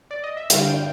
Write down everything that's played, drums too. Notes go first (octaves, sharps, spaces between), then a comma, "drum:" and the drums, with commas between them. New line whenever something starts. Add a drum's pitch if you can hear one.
D5
D#5
E5
G2 D3 G3 F5, drum: hi-hat
G5